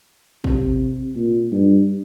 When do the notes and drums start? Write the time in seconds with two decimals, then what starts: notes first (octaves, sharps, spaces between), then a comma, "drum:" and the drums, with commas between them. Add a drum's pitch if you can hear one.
0.44 C3, drum: kick
1.16 A#2
1.52 G2